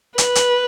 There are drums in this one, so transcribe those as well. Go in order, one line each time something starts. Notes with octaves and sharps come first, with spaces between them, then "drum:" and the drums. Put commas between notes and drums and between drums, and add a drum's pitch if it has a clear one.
B4, drum: hi-hat
drum: hi-hat